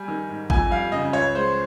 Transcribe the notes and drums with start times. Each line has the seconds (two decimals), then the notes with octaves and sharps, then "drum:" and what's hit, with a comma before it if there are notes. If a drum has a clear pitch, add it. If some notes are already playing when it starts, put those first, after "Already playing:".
Already playing: G3 G#5
0.08 D#3
0.29 G#2
0.50 F2 G#5, drum: kick G#1
0.70 G3 F5
0.92 C#3 D#5
1.13 C#2 C#5
1.35 G#3 C5